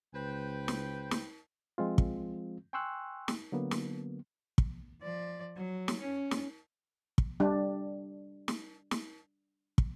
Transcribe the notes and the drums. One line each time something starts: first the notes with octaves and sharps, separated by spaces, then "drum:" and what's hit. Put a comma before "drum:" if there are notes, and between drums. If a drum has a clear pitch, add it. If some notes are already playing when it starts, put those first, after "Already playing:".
C#2 B4 C5 G5
drum: snare
drum: snare
F3 G#3 C4 F4
drum: kick
G5 G#5 C6 C#6 E6 F#6
drum: snare
D3 F#3 A#3 B3
drum: snare
drum: kick
F3 D5
F#3
drum: snare
C#4
drum: snare
drum: kick
G3 D4
drum: snare
drum: snare
drum: kick